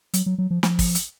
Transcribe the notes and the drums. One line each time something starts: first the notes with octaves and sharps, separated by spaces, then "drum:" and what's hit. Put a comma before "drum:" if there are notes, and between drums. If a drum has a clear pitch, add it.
F#3, drum: hi-hat
F#3
F#3
F3
F3, drum: snare
drum: kick, open hi-hat
drum: hi-hat